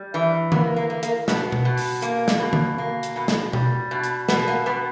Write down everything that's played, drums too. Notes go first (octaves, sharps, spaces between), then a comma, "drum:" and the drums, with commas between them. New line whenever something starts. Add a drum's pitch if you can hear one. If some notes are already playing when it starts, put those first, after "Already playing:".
Already playing: G3
E3
A#3 B3, drum: tom D3
A#3
A#3
A#3, drum: hi-hat
B2 B3, drum: snare
drum: tom B2
B2
drum: open hi-hat
A#3, drum: hi-hat
drum: snare
B2
drum: tom D3
A#3
drum: hi-hat
B2
drum: snare
G3, drum: tom B2
B2
drum: hi-hat
B2 B3, drum: snare
A#3
B2 B3